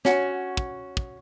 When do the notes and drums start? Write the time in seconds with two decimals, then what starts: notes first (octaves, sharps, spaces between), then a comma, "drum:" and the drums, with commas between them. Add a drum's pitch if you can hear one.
0.05 C#4 F#4, drum: snare
0.57 drum: kick
0.97 drum: kick